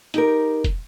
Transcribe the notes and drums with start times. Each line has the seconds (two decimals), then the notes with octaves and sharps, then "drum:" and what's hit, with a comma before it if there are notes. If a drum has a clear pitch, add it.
0.14 D#4 G4 A#4, drum: hi-hat
0.64 drum: kick, hi-hat